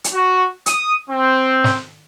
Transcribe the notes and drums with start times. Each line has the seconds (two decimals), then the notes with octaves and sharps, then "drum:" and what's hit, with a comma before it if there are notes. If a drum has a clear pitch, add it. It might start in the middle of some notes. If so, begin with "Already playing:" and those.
0.04 drum: hi-hat
0.13 F#4
0.66 D#6, drum: hi-hat
1.09 C4
1.64 drum: snare